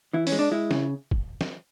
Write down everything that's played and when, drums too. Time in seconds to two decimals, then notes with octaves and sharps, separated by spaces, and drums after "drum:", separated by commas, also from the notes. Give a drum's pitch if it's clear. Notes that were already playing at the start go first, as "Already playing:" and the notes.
0.13 E3 E4
0.27 C#4, drum: open hi-hat
0.32 G#3
0.39 D4
0.51 G#3 E4
0.71 C#3, drum: snare
1.11 drum: kick
1.41 drum: snare